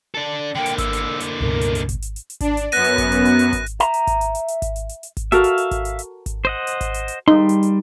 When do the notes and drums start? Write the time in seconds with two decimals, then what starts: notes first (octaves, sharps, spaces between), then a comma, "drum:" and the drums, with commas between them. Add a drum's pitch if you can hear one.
0.15 D4 A4
0.55 D3 A#3 G5
0.66 drum: hi-hat
0.78 E6, drum: kick G#1, hi-hat
0.93 drum: hi-hat
1.20 drum: hi-hat
1.40 C#2 G2 B2 A#4
1.61 drum: hi-hat
1.75 drum: hi-hat
1.89 drum: kick G#1, hi-hat
2.02 drum: hi-hat
2.16 drum: hi-hat
2.30 drum: hi-hat
2.40 D4, drum: kick G#1, hi-hat
2.57 drum: hi-hat
2.72 F#2 B3 F#6 A#6 D#7, drum: hi-hat
2.84 drum: hi-hat
2.98 drum: kick G#1, hi-hat
3.12 drum: hi-hat
3.25 drum: hi-hat
3.39 drum: hi-hat
3.53 drum: kick G#1, hi-hat
3.66 drum: hi-hat
3.80 E5 A#5, drum: hi-hat
3.94 drum: hi-hat
4.07 drum: kick G#1, hi-hat
4.21 drum: hi-hat
4.35 drum: hi-hat
4.48 drum: hi-hat
4.62 drum: kick G#1, hi-hat
4.76 drum: hi-hat
4.89 drum: hi-hat
5.03 drum: hi-hat
5.17 drum: kick G#1, hi-hat
5.32 F#4 A4 A#4 E5 F5, drum: hi-hat
5.44 drum: hi-hat
5.58 drum: hi-hat
5.71 drum: kick G#1, hi-hat
5.85 drum: hi-hat
5.99 drum: hi-hat
6.26 drum: kick G#1, hi-hat
6.45 C5 D#5 F#5
6.67 drum: hi-hat
6.81 drum: kick G#1, hi-hat
6.94 drum: hi-hat
7.08 drum: hi-hat
7.28 G3 D#4 C6
7.49 drum: hi-hat
7.63 drum: hi-hat